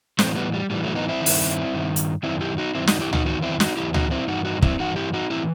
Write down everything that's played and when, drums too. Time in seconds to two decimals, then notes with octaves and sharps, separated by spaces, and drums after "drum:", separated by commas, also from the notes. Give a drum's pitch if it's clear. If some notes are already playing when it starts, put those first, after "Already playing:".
0.19 A2 E3 A3 C4, drum: snare
0.36 G3 B3
0.54 G3
0.70 A2 E3 G3
0.84 F#3 A3
0.95 B3 D#4
1.09 C4 E4
1.21 D#3
1.26 G2, drum: open hi-hat
1.73 G2 D#3
1.96 drum: hi-hat
2.23 F#2 D#3 C4 E4
2.41 E4 G4
2.58 D#4 F#4
2.75 F#2 D#3 C4 E4
2.87 D#4 F#4, drum: snare
3.00 E4 G4
3.13 D#4 F#4, drum: tom C#2
3.25 E2 D#3 D#4 F#4
3.42 C4 E4
3.60 D#4 F#4, drum: snare
3.77 E2 D#3 E4 G4
3.94 D#4 F#4, drum: tom C#2
4.11 C4 E4
4.28 G2 E3 D#4 F#4
4.45 D#4 F#4
4.62 C4 E4, drum: kick
4.79 G2 E3 D#4 F#4
4.96 E4 G4
5.14 D#4 F#4
5.30 A2 E3 C4 E4